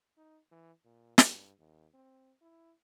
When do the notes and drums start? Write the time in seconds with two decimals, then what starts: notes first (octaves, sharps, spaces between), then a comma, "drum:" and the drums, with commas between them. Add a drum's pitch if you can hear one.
0.17 D#4
0.52 E3
0.85 A#2
1.18 G2, drum: snare
1.58 D#2
1.94 C4
2.42 E4